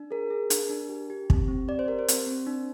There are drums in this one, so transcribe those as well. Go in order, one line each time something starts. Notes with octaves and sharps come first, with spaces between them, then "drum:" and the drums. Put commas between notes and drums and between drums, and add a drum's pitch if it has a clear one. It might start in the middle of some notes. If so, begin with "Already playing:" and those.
Already playing: D4
G#4 A#4
G#4
D4, drum: hi-hat
D4
G4
G4
C4, drum: kick
C4
G4 D5
C5
G4 A#4
C5
C4, drum: hi-hat
C4
D4